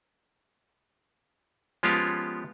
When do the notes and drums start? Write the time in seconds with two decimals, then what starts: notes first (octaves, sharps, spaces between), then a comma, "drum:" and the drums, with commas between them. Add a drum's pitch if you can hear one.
1.83 F3 G#3 B3 C#4 F4 G4, drum: open hi-hat